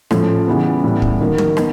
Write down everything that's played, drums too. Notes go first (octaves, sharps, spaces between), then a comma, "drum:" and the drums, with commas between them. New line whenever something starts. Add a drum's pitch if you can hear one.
A2 F3 A3 C#4 F4, drum: rim click
C#3 E3 G3 B3
A2 E3 G3 B3 E4
drum: kick
D#3 F#3 A#3
drum: tom
B3 D#4, drum: rim click